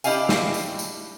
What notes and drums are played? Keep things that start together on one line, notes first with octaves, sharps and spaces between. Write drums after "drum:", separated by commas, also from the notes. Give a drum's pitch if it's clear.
D4 E4 G4 D#5 F5 G#5, drum: tambourine
drum: snare
drum: tambourine
drum: tambourine